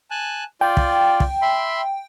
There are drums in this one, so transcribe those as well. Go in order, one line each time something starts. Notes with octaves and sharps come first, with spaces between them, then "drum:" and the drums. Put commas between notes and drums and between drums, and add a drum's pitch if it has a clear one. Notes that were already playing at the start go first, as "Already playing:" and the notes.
G#5 A5 F#6
F4 D5 G5
drum: kick
drum: kick
E5 B5 C6